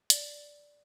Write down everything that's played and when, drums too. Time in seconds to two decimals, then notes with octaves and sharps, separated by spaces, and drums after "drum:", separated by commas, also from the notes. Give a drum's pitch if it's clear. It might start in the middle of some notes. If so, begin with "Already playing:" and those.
0.10 D5, drum: hi-hat